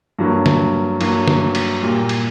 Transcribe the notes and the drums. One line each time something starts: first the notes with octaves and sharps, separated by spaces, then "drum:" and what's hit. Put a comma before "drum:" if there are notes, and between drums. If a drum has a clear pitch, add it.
G2 F#3 A#3
drum: snare
G2 F#3 A#3, drum: cymbal
drum: snare
drum: cymbal
A#2 G3 A#3
drum: cymbal